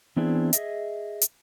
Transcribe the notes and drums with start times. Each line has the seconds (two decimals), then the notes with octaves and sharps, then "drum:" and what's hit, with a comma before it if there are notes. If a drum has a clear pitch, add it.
0.16 E3 B3 C4 D4 E4 G#4
0.53 G#4 A4 D#5 E5, drum: hi-hat
1.21 drum: hi-hat